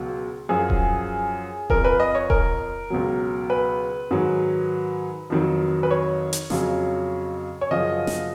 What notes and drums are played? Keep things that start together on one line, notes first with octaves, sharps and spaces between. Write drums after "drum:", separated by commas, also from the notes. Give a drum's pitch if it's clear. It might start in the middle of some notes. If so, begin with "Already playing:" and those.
Already playing: C#2 B2 F#3
F#2 F3 G#4
drum: kick D#1
F2 F3 A#4, drum: kick D#1
B4
D#5
C#5
A#4, drum: kick D#1
C#2 B2 F#3
B4
G#2 D#3 F#3
F2 D#3 F#3
B4
C#5
drum: hi-hat
F2 C#3 F#3, drum: snare
C#5
F#2 C#3 F3 D#5
drum: snare